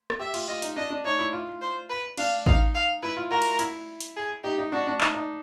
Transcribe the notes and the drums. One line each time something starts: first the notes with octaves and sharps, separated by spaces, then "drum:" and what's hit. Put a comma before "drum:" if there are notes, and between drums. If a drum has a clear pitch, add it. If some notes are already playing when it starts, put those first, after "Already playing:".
drum: rim click
G4 E5
F4, drum: cymbal
F4 D#5
D#4, drum: hi-hat
D4 D#5
D4
D#4 C#5
E4
F4
C5
B4
D4 F5, drum: cymbal
D#4 F5, drum: kick A1
F5
E4 B4
F4
F#4 A#4
drum: cymbal
E4, drum: hi-hat
drum: hi-hat
G#4
D#4 G4
D#4
D4 F#4
D4
D#4, drum: clap
D#4